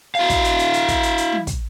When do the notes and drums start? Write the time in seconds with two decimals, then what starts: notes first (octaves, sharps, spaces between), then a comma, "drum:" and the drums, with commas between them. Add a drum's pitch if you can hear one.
0.15 E4 F5
0.30 drum: kick, hi-hat
0.44 drum: hi-hat
0.59 drum: hi-hat
0.74 drum: hi-hat
0.88 drum: kick, hi-hat
1.03 drum: hi-hat
1.18 drum: hi-hat
1.32 drum: tom
1.47 drum: kick, hi-hat